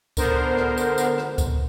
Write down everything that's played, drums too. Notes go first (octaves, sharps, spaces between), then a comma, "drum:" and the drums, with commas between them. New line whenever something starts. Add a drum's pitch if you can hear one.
D3 B3 A#4 C5, drum: kick C#2, tambourine
drum: rim click
drum: tambourine
drum: tambourine
drum: rim click
drum: kick C#2, tambourine